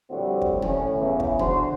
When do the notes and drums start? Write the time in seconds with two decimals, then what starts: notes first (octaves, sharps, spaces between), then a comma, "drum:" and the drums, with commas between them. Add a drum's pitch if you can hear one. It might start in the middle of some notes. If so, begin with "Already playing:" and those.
0.10 A#1 A2 D3 G3 C4 F#4
0.42 drum: kick
0.62 A2 C#4, drum: tom
0.99 E2 C#3 E3
1.20 drum: kick
1.39 D3 D4 F#4 C5, drum: tom